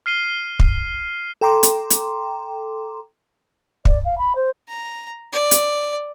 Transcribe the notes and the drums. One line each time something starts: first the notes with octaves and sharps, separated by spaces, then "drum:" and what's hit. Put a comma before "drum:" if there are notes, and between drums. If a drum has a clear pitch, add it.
F6 C7 D#7 G7
drum: kick
A4 G5 A#5 C6 D6
drum: hi-hat
drum: hi-hat
D5, drum: kick
F5
B5
C5
A#5
D5
drum: hi-hat